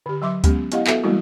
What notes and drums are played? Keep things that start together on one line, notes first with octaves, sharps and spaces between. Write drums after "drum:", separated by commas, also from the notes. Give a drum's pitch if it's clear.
D3 G4
F#3 E5 C6 D6
G#3 B3 C#4 G4, drum: kick D2, hi-hat
B3 E4 G4 D#5 F5 F#5, drum: hi-hat
B3 F#4 A4 B4 E5, drum: clap
E3 G3 G#3 A#3 E4 F#4